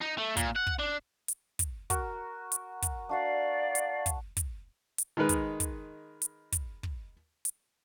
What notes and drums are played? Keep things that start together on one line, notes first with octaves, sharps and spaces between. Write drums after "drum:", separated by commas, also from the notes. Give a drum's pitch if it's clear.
D#4
A3
A#2, drum: kick, hi-hat
F#5
drum: kick
D4
drum: hi-hat
drum: kick, hi-hat
F#4 A#4, drum: kick, hi-hat
drum: hi-hat
drum: kick, hi-hat
D4 F#4 D5 F5 F#5
drum: hi-hat
drum: kick, hi-hat
drum: kick, hi-hat
drum: hi-hat
D#3 G#3 A#4 B4
drum: kick, hi-hat
drum: kick, hi-hat
drum: hi-hat
drum: kick, hi-hat
drum: kick
drum: hi-hat